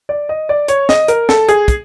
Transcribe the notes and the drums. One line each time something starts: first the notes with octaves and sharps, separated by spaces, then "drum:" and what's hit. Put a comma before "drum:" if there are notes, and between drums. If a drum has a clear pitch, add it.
D5
D#5
D5
C#5, drum: hi-hat
D#5, drum: snare
A#4, drum: hi-hat
A4, drum: snare
G#4, drum: hi-hat
drum: kick, hi-hat